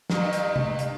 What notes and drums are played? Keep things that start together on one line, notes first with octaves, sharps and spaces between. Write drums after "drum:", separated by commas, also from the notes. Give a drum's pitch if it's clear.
G2 D#3, drum: snare
drum: hi-hat
drum: tom C3
drum: hi-hat